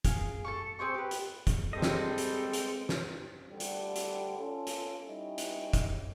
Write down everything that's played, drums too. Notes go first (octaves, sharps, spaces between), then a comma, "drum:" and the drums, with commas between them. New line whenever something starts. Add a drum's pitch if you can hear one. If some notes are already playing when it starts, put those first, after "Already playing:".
G#4 F5, drum: kick, hi-hat
A4 A5 C#6
C4 G#4 C5 C#6
G4 B4
drum: hi-hat
drum: kick, hi-hat
G3 G#3 C4 A4 D#5
drum: snare
drum: hi-hat
drum: hi-hat
drum: snare
D2 D3 G3
drum: hi-hat
drum: hi-hat
C#4 F4 A4
drum: hi-hat
G3 C#4 D#4 E4
drum: hi-hat
drum: kick, hi-hat